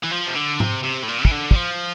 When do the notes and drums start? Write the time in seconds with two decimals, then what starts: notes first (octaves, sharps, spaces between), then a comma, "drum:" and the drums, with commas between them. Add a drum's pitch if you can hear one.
0.04 E3
0.12 F3
0.27 C3
0.35 D3
0.60 C3, drum: tom G#2
0.83 C3
1.03 A2
1.08 A#2
1.25 E3, drum: kick
1.31 D3
1.51 G3, drum: kick
1.56 F3